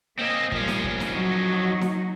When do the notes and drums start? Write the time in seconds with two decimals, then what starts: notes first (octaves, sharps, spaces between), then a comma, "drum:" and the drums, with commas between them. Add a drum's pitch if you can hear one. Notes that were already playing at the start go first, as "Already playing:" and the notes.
0.19 A#3 C4 C#4 D#5
0.52 A#2 F3 G3 C#4, drum: kick
0.68 drum: snare D#4
0.84 drum: kick
1.00 drum: snare D#4
1.13 F#3 D#4 F#4
1.81 drum: snare D#4